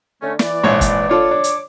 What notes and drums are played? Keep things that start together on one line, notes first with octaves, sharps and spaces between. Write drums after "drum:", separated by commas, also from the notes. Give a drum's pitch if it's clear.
D3 A3 C#4
E3 D5, drum: snare
A#1 G#2 C#5
drum: kick, hi-hat
D4 F4 A4 C#5 D6
D4
drum: hi-hat